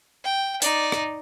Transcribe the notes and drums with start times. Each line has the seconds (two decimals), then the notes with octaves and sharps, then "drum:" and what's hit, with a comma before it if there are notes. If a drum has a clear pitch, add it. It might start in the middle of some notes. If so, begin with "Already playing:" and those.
0.25 G5
0.62 D#4 D5, drum: hi-hat
0.92 drum: rim click